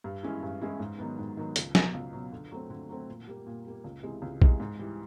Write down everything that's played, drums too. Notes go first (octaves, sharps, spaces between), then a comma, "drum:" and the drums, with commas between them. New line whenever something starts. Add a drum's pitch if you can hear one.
G2
E3 G#3 C#4 E4
G2
E3 G#3 C#4 E4
G#2
D#3 F#3 B3
G#2
D#3 F#3 B3
C#2, drum: hi-hat
B2 F#3, drum: snare
C#2
B2 F#3
D3
F#3 A3 C4
D3
F#3 A3 C4
A#2
G3 A#3
A#2
G3 A#3
C#2
C3 E3 G#3
C#2
C3 E3 G#3, drum: kick
G#2
E3 G3